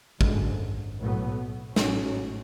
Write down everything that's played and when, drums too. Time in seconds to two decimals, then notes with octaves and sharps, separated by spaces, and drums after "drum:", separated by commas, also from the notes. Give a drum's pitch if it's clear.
0.21 G#1 F#2 D3 G#3, drum: kick
0.98 B1 A2 F#3 B3
1.76 A1 G#2 F#3 A3 C#4, drum: snare